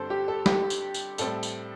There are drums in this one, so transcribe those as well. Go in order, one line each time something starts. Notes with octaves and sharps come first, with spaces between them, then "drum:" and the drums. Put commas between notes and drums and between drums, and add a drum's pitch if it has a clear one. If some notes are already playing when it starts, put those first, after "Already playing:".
Already playing: G2 D3 G3 C4 A4 C5
G4
A4
G4, drum: snare
drum: tambourine
drum: tambourine
A2 G3 C4 A4, drum: tambourine
drum: tambourine